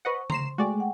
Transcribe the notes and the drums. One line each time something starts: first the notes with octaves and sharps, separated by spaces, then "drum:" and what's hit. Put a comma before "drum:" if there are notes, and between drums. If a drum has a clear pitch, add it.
B4 C5 D#5 F#5 C#6
A#5 C6 C7 E7, drum: tom C#3
G#3 A3 F#4 G#4 D5 G5 G#5 C#6
F#5 G5